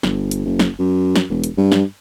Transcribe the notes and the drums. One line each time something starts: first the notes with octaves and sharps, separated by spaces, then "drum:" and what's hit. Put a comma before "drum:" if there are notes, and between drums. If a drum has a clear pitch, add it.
G1, drum: snare
drum: hi-hat
F#1
drum: snare
F#2
drum: snare
E1
drum: hi-hat
G2
drum: snare